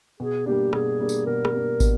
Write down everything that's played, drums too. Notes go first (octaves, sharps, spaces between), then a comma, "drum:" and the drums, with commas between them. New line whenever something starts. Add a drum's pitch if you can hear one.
B2 G#4
G3 A#3 D4 G4
B2 G#4, drum: rim click
G3 A#3 D4
drum: tambourine
B2 A#4
drum: rim click
G3 A#3 D4
B2, drum: kick, tambourine